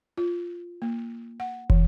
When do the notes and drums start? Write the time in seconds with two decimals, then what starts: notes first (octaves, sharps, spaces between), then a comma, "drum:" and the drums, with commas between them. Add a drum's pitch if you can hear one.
0.17 F4
0.82 A#3
1.40 F#5
1.70 E3, drum: kick